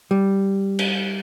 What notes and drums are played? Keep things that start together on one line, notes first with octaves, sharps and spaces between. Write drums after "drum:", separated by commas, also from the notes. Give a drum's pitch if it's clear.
G3
drum: cymbal